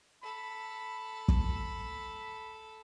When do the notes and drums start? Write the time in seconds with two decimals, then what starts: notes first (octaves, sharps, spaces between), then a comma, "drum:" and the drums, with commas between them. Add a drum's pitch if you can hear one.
0.23 A4 B5
1.28 drum: kick